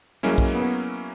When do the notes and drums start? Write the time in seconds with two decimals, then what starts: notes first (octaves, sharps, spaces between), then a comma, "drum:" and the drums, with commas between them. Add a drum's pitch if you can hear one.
0.23 F#3 G#3 A#3 C#4 E4
0.38 drum: kick
0.54 B3